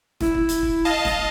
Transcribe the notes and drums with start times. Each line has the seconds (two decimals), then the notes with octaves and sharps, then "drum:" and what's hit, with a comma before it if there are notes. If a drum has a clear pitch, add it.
0.21 E4, drum: snare
0.35 drum: kick
0.49 drum: hi-hat
0.63 drum: kick
0.85 D#5 F5 A5
1.05 drum: snare